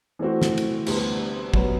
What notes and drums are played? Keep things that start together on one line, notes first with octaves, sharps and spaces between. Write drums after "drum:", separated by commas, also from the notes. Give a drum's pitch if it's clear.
E3 A3 C4 F#4
drum: snare
drum: cymbal
D2 C3 G3 B3, drum: cymbal
F#2 F#3 B3, drum: kick